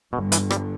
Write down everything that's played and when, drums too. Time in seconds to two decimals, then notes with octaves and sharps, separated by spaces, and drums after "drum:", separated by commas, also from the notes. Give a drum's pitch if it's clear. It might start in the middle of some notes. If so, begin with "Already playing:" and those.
0.13 G1 G2 B2 D3
0.32 E3, drum: hi-hat
0.51 G3, drum: rim click